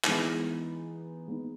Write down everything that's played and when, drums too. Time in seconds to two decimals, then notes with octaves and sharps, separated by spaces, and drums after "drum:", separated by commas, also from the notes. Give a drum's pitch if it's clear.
0.04 E3 G#3 B3 D#4, drum: clap
1.27 G#3 B3 D#4